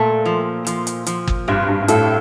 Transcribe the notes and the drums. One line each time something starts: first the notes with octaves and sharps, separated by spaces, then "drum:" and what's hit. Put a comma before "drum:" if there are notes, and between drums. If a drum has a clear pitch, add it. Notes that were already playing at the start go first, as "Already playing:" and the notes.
Already playing: A#2 A3
F3
F3, drum: hi-hat
drum: hi-hat
F3, drum: hi-hat
drum: kick
G2 C3
G2
G2
A2 A4, drum: hi-hat